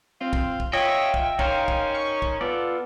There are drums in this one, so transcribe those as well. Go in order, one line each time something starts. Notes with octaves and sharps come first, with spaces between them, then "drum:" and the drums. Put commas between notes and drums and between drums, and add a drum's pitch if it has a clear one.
C4 F4
drum: kick
drum: kick
C#4 F4 D#5 E5 G5
drum: kick
C#4 D#4 A#4 C5 F5, drum: kick
drum: kick
C#6
drum: kick
B3 F4 A4 D5